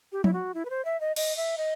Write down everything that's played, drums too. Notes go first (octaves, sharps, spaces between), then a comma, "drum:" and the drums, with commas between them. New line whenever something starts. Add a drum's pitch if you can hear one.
G4
E4, drum: tom F3
F#4
E4
B4
C5
E5
D#5
D#5, drum: cymbal
E5
D#5